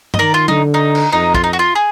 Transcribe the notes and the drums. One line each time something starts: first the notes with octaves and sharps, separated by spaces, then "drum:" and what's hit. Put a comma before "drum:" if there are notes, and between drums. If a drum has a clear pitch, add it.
D#5, drum: tom G2
D#3 A#4 D5
F4
D3 D#4, drum: tom
D#4
drum: cymbal
F2 D#4
F4, drum: kick
D#4
F#4
F4
G#4